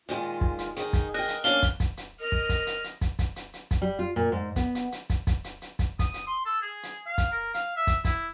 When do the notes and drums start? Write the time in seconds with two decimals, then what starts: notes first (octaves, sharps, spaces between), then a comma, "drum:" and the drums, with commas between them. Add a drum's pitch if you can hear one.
0.09 A#2 D#3 G#3 F4
0.41 drum: kick
0.59 drum: hi-hat
0.77 D#3 D#4 G#4, drum: hi-hat
0.93 drum: kick, hi-hat
1.14 A#4 D#5 G5 F#6
1.28 drum: hi-hat
1.44 A#3 C#4 D4 F5 G7, drum: hi-hat
1.63 drum: kick, hi-hat
1.80 drum: kick, hi-hat
1.97 drum: hi-hat
2.20 A#4 D#5 F6
2.32 drum: kick
2.49 drum: kick, hi-hat
2.67 drum: hi-hat
2.84 drum: hi-hat
3.01 drum: kick, hi-hat
3.19 drum: kick, hi-hat
3.36 drum: hi-hat
3.53 drum: hi-hat
3.71 drum: kick, hi-hat
3.82 G3
3.99 F4
4.16 A#2
4.32 G#2
4.56 B3, drum: kick, hi-hat
4.75 drum: hi-hat
4.92 drum: hi-hat
5.10 drum: kick, hi-hat
5.27 drum: kick, hi-hat
5.44 drum: hi-hat
5.62 drum: hi-hat
5.79 drum: kick, hi-hat
5.99 D#6, drum: kick, hi-hat
6.14 drum: hi-hat
6.27 C6
6.45 A4
6.62 G#4
6.83 drum: hi-hat
7.06 F5
7.18 drum: kick, hi-hat
7.32 A#4
7.54 F5, drum: hi-hat
7.76 E5
7.87 drum: kick, hi-hat
8.05 E4, drum: kick, hi-hat